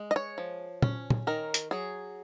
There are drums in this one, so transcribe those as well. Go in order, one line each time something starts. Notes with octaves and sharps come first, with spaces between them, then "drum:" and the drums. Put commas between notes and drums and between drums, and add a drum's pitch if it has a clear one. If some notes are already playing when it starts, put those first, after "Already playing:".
Already playing: G#3
D#5
C#5
F3
C#4, drum: tom
drum: tom
D#3 A#4
drum: hi-hat
F#3 G#4